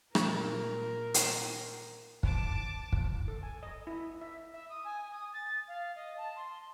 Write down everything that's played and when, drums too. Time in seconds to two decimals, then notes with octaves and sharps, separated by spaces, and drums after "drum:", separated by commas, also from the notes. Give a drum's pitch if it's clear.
0.15 A#2 A#4, drum: rim click
1.14 drum: hi-hat
2.23 A5 D6, drum: kick
2.93 drum: kick
3.28 A4
3.43 G#5
3.63 D#5
3.87 E4
4.21 E5
4.53 E5
4.69 D#6
4.84 G#5
5.11 D#6
5.33 A6
5.67 F5
5.95 D#5
6.17 A5
6.36 C6